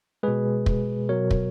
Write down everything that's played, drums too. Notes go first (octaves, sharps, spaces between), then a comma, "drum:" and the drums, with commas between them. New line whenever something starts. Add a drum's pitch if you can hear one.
B2 G#3 G#4 B4
drum: kick
B2 F#3 A#4 C#5
drum: kick